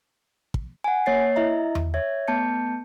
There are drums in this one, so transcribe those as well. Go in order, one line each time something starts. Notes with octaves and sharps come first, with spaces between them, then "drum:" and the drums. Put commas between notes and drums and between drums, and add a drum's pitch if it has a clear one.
drum: kick
F#5 G#5
A#3 C#5 A6 C7
E4 D#5 E5 A#5
drum: tom E2
C#5 E5 G#6
A3 B3 A5 G6 C#7